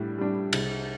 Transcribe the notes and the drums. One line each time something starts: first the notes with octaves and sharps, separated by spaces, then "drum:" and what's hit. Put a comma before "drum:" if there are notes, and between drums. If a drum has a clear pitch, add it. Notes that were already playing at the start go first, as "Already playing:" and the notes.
Already playing: A2 G3 D4
G3 D4
C2, drum: cymbal